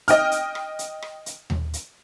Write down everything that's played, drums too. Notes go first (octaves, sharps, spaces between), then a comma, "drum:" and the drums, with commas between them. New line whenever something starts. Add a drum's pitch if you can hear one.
D#5 G5 F6, drum: hi-hat
drum: hi-hat
drum: rim click
drum: hi-hat
drum: rim click
drum: hi-hat
drum: tom D#2
drum: hi-hat